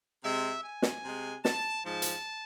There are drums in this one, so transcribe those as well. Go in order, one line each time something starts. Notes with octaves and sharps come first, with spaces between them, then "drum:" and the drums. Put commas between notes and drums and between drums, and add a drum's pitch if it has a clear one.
C3 G#3 E5
G#5
drum: snare
C3 G#3
A5, drum: snare
G#2 F3 G#3 A5
drum: hi-hat